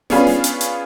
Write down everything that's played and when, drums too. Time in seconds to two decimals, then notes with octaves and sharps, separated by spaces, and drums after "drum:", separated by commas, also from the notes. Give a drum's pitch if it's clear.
0.10 B3 C#4 D4 F4 G#4 B4, drum: snare
0.27 drum: snare
0.44 drum: hi-hat
0.61 drum: hi-hat